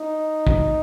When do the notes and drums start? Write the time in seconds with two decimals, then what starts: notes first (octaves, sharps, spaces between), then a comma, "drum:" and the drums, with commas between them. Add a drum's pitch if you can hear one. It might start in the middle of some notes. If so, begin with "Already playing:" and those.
Already playing: D#4
0.47 drum: kick